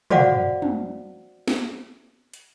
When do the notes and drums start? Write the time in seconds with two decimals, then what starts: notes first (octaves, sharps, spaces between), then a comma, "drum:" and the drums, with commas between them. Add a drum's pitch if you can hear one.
0.10 F#4 C5 D5 F5 F#5, drum: tom
0.62 drum: tom
1.48 drum: snare
2.34 drum: hi-hat